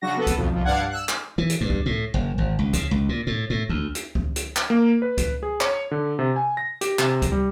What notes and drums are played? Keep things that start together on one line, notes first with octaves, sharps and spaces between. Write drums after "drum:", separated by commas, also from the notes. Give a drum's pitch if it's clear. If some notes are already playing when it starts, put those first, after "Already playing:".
C#3 F#3 D4 F#4 A#6
B3 A4 B4
drum: kick C#2, hi-hat
B1 F2
C2 F2 F3
G2 D4 D5 F5 F#5 G#6
E6 F#6
drum: clap
E3
drum: hi-hat
G2
drum: kick C#2
A2
F#1
G#1
C#2
C#3, drum: kick C#2, hi-hat
C#2
A#2
A2
A2
D2
drum: hi-hat
drum: kick C#2
drum: hi-hat
drum: clap
A#3
B4
drum: kick C#2, hi-hat
G#4
C#5, drum: clap
D3
C3
G#5
A#6
G4, drum: hi-hat
C3, drum: clap
drum: kick C#2, hi-hat
G3